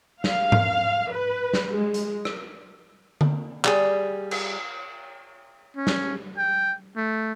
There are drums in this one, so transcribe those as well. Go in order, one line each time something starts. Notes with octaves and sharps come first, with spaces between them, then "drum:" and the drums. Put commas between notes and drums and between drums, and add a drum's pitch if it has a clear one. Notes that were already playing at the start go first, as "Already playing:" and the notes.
F5, drum: snare
drum: tom G#2
B4
drum: snare
G#3
drum: hi-hat
drum: rim click
drum: tom D3
G3 G#4, drum: clap
drum: cymbal
C#4
drum: snare
G5
A3